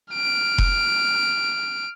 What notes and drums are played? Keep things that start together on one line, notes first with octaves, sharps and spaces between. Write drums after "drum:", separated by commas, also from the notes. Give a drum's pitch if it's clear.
F6 D7
drum: kick F1